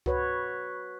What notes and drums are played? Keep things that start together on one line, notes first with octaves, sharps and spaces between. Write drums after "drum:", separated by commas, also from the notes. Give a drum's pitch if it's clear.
F#4 B4 C#5, drum: kick C#2